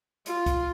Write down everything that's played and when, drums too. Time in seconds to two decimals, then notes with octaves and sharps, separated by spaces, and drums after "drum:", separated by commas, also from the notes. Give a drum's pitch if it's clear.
0.26 F4, drum: hi-hat
0.46 drum: kick, hi-hat